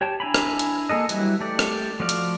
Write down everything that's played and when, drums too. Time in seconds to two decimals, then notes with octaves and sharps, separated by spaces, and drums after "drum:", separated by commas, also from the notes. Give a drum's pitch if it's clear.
0.01 G4 C#5 G5 A5
0.20 D4 E4 G#5 A#5 B5
0.34 drum: rim click
0.59 drum: hi-hat
0.89 A#3 G#4 A4 D#5
1.09 E3 F#3 G3 E4, drum: hi-hat
1.40 A3 G4 A4 D5
1.59 drum: rim click
2.00 F3 A3 F#4 D5 F5
2.09 drum: hi-hat